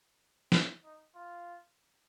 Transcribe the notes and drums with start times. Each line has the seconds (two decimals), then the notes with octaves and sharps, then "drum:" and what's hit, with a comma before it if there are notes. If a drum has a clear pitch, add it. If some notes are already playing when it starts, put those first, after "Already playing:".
0.52 C4, drum: snare
0.84 D#4
1.15 F4